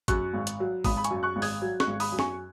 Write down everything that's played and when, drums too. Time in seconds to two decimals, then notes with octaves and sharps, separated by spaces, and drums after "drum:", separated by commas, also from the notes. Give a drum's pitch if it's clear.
0.08 F#2 C#6 F#6, drum: kick, hi-hat
0.34 G#1
0.47 drum: hi-hat
0.60 F#3
0.84 G#1 B5 D#6, drum: kick, open hi-hat
0.97 B5
1.04 G#5 C#6, drum: hi-hat
1.11 F#2
1.23 C#6 F#6
1.36 G#1
1.42 D#6 G#6, drum: open hi-hat
1.62 F#3
1.80 C#6 F#6, drum: snare
1.87 G#1
2.00 B5 D#6, drum: open hi-hat
2.12 F#2
2.19 G#5 C#6, drum: snare